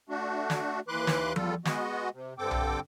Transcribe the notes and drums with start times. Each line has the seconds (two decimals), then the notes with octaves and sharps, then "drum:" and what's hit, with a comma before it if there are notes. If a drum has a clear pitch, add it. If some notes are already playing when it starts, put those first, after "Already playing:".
0.09 A3 D4 F#4
0.50 drum: snare
0.88 D#2 E3 B4 C6 D6 F#6
1.07 drum: snare
1.36 E2 G3 F4 A4, drum: tom F3
1.65 G#3 B3 F#4 D#5, drum: snare
2.14 C3
2.39 G2 D3 C4 A4 G5 D6
2.51 drum: tom B1